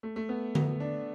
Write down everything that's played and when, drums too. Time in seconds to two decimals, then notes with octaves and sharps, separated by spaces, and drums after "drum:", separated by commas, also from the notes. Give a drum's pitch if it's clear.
0.03 A3
0.16 A3
0.29 B3
0.55 B3, drum: tom D3
0.80 D4